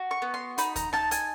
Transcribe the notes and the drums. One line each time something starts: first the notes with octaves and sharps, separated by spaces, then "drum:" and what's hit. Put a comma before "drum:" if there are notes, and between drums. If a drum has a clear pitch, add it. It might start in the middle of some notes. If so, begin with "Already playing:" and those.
Already playing: F#4
C#6
B3
C6
D#4 B5, drum: hi-hat
A#5, drum: kick D2, hi-hat
D#4 A5, drum: rim click
G#5, drum: hi-hat